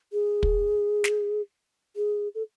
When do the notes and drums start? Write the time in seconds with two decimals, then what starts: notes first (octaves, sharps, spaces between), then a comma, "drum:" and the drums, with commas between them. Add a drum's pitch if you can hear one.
0.13 G#4
0.43 drum: kick
1.04 drum: snare
1.96 G#4
2.35 A4